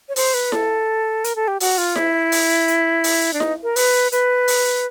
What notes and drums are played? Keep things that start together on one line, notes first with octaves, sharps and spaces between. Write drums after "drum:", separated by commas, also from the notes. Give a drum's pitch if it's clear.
C#5
C5, drum: open hi-hat
B4
A4, drum: snare E4
A#4, drum: hi-hat
A4
G4
F#4, drum: open hi-hat
F4
E4, drum: snare E4
drum: open hi-hat
drum: hi-hat
drum: open hi-hat
D4
D#4, drum: snare E4
A#4
B4, drum: open hi-hat
B4, drum: hi-hat
drum: open hi-hat